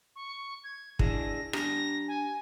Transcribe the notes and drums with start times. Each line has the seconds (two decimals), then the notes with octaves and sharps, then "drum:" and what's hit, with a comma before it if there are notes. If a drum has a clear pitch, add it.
0.15 C#6
0.64 G#6
0.99 D4 E4 G#4 A#6, drum: kick
1.53 D4 G4 A#5 A#6, drum: rim click
2.08 G#5